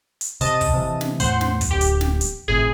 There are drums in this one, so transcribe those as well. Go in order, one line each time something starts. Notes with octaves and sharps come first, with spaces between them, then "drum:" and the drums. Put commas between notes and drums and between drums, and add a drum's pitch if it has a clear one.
drum: hi-hat
C3 D#5 A5 D#7, drum: hi-hat
drum: kick, open hi-hat
C3 E3
drum: snare
E2 A2 C5 F#5 C6, drum: hi-hat
drum: snare
drum: kick, hi-hat
D1 G4
drum: hi-hat
drum: snare
drum: hi-hat
G#1 A2 C3 G#4